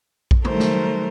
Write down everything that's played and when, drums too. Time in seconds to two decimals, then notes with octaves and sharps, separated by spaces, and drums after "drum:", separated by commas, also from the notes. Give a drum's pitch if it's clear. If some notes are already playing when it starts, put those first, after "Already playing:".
0.31 drum: kick A#1
0.45 D#3 F#3 G3 A3 A#4 C5, drum: tom
0.60 drum: snare